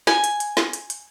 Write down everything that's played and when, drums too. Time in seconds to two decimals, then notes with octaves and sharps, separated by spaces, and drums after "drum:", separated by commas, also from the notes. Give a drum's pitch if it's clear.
0.07 G#5, drum: snare
0.24 drum: hi-hat
0.40 drum: hi-hat
0.57 drum: snare
0.73 drum: hi-hat
0.90 drum: hi-hat